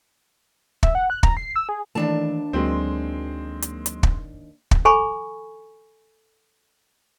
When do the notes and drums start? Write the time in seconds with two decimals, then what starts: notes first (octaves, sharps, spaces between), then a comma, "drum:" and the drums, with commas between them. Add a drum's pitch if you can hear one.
0.83 E5, drum: kick
0.95 F#5
1.10 F#6
1.23 A#5, drum: kick
1.37 C7
1.56 E6
1.69 G#4
1.95 D#2 D#3 E3 A3 D4 A5
2.53 D2 F#3 G#3 A#3 C4
3.62 drum: hi-hat
3.86 drum: hi-hat
4.03 drum: kick
4.71 drum: kick
4.85 A4 G#5 B5 C#6